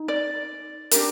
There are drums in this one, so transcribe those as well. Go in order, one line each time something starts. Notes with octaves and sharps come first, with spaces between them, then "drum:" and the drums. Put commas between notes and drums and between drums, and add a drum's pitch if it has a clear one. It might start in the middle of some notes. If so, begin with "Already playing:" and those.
Already playing: D#4
D5
D4 G4 A#4, drum: hi-hat